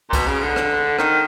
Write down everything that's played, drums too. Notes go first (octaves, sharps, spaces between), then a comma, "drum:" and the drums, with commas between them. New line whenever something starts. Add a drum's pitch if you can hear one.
A#2
B2, drum: kick C2, cymbal
C#3
D3
drum: rim click
D#3, drum: rim click